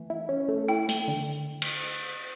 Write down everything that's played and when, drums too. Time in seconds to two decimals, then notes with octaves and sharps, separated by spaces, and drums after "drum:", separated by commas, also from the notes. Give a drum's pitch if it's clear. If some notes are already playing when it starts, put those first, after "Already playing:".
Already playing: E3 A3
0.10 E4
0.29 C#4
0.48 A3
0.68 E4 G5
0.89 A3, drum: hi-hat
1.08 D3
1.62 drum: cymbal